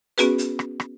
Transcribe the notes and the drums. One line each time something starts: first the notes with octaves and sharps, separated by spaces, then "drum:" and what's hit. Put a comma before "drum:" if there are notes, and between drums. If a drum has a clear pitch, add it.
B3 C#4 F#4 G#4 B4, drum: hi-hat
drum: hi-hat
drum: rim click
drum: rim click